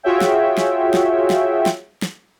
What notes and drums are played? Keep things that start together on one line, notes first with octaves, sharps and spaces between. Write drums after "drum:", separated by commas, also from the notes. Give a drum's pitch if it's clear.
F4 F#4 G#4 C#5 E5 G5
drum: snare
drum: snare
drum: snare
drum: snare
drum: snare
drum: snare